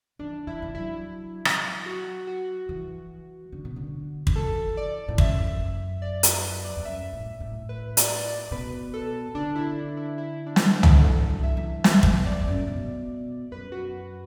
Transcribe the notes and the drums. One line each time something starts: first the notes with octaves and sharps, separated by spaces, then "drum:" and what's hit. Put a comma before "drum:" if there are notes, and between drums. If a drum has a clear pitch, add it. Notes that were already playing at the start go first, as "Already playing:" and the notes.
E3 D4
E3 E4
E3
F#3 E4
drum: rim click
F#4
F#4
E3
D3
B2
D3
D3, drum: kick
E3 A4
D5
A2
F#2 E5, drum: kick
D5
B4, drum: hi-hat
B4
D5
E2
F#2 E5
A2
A2
B4
D5, drum: hi-hat
D5
B2 B4
A4
D3 D4
E4
E4
E4
D4
drum: snare
drum: tom
E3 A4
F#3
E5
E3
E5, drum: snare
drum: kick
D5
E2
F#2
A2
B2
F#2 B4
F#4